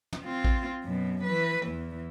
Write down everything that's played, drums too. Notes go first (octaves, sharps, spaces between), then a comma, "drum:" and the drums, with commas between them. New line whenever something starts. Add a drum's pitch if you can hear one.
drum: tom
C4 F4
drum: kick A1
F#2 B2
E3 B4
E2 E3